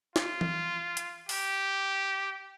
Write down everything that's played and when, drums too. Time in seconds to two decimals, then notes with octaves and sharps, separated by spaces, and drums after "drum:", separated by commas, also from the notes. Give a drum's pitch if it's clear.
0.16 F4, drum: snare
0.41 drum: tom E3
0.97 drum: hi-hat
1.29 G4, drum: open hi-hat